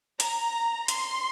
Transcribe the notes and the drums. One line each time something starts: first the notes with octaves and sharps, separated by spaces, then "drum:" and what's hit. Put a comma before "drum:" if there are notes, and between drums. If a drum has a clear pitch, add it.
A#5, drum: hi-hat
C6, drum: hi-hat